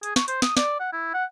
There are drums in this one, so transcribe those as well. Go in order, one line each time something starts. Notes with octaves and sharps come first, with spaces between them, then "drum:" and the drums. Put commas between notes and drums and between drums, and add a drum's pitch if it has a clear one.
G#4, drum: hi-hat
C#6, drum: snare
C5, drum: hi-hat
D#6, drum: snare
D5, drum: snare
F#5
E4
F#5